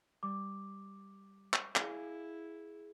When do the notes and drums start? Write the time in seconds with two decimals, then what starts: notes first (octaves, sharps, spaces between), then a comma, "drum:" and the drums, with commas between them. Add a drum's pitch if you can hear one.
0.23 G3 D6
1.53 drum: clap
1.76 E4 G#4 F5 G#5, drum: clap